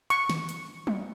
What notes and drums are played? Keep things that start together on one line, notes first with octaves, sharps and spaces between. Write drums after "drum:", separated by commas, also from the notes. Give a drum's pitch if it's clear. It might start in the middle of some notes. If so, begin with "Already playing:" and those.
C#6, drum: hi-hat
drum: snare
drum: hi-hat
drum: tom F#3